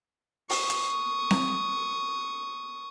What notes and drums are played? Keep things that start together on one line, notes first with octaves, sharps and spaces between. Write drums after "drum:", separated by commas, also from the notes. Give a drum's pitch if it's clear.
C#6 D#6, drum: open hi-hat
drum: hi-hat
drum: snare C4